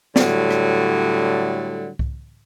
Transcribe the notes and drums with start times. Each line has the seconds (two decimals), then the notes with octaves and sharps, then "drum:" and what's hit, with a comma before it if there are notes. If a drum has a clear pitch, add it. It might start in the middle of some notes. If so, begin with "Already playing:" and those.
0.16 A2 D3 F#3 G3, drum: snare
0.51 drum: rim click
1.99 drum: kick C2